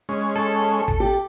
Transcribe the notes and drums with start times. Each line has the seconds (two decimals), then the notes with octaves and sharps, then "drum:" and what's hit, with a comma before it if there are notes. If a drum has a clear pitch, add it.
0.09 G#3 C#4
0.36 A4
0.88 drum: kick
1.00 G4